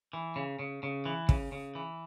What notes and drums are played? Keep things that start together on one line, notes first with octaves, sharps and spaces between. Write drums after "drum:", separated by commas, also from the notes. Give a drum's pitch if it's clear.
E3
C#3
C#3
C#3
E3
C#3, drum: kick
C#3
E3